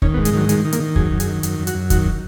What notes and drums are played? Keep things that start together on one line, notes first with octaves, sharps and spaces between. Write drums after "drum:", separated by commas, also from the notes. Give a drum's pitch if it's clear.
D#3 C#4, drum: kick
B3
G#2
G#3, drum: hi-hat
D#3 F#3
D#3 G#3, drum: hi-hat
D#3
A#3, drum: hi-hat
D#3
F#2 G#4, drum: kick
F#2
G#4, drum: hi-hat
D#3
F#2, drum: hi-hat
F#2
F#4, drum: hi-hat
F#2
D#3 F#4, drum: kick, hi-hat